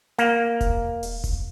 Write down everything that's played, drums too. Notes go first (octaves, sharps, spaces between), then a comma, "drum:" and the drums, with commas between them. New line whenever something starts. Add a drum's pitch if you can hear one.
A#3, drum: hi-hat
drum: kick E1, hi-hat
drum: open hi-hat
drum: kick E1, hi-hat